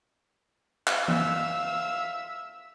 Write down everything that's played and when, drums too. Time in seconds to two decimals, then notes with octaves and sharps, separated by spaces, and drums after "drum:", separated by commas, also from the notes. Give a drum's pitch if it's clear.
0.87 drum: clap
1.08 E5 F5 E6, drum: tom E3